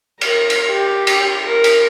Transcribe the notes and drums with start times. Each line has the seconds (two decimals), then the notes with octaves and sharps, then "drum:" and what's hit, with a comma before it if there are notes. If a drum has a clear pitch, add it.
0.21 A#4, drum: cymbal
0.50 drum: cymbal
0.72 G4
1.07 drum: cymbal
1.43 A#4
1.64 drum: cymbal